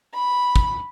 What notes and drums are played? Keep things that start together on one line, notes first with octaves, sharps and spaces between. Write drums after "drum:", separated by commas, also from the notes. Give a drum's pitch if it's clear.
B5
drum: kick